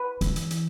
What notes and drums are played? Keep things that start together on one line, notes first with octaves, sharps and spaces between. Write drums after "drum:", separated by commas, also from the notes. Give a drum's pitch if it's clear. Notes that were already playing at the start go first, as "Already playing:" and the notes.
Already playing: B4
E3, drum: hi-hat
drum: hi-hat
drum: hi-hat